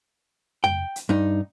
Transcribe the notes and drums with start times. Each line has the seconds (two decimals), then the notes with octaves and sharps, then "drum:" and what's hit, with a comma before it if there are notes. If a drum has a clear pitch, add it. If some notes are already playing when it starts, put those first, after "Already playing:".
0.64 G5, drum: tom F2
0.96 drum: hi-hat
1.09 G2 D#4